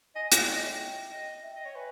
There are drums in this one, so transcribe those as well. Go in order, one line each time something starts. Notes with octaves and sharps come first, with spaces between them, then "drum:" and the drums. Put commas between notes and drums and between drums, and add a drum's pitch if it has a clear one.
D#5 G#5
C#5 G5, drum: hi-hat
C#5
D#5 G5
E5
D#5 G5
E5
D#5
C#5 G5
B4 G#5